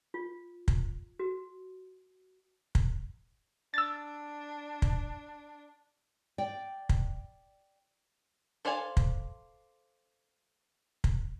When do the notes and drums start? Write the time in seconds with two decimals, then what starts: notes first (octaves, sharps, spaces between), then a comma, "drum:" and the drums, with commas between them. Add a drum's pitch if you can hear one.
0.14 F4
0.68 drum: kick
1.19 F#4
2.75 drum: kick
3.74 D4 E6 A6
4.82 drum: kick
6.38 D5 G5
6.89 drum: kick
8.65 A4 C5 D5 F5 G#5
8.97 drum: kick
11.04 drum: kick